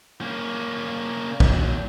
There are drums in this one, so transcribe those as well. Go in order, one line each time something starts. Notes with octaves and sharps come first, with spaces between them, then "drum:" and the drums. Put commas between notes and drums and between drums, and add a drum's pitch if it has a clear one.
A#3 C#4
D#2 F#3, drum: kick